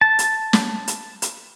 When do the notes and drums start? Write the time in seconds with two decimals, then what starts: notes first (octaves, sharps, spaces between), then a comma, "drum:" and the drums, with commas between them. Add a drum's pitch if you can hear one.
0.01 A5
0.19 drum: hi-hat
0.53 drum: snare
0.88 drum: hi-hat
1.22 drum: hi-hat